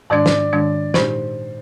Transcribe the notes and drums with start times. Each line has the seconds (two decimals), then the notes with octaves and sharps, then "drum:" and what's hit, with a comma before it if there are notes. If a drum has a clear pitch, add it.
0.10 G#2 D#3 G#3 D4 D5
0.26 drum: snare
0.53 G#2 D#3 G#3 D4
0.94 A#2 G#3 D#4 G4 C5, drum: snare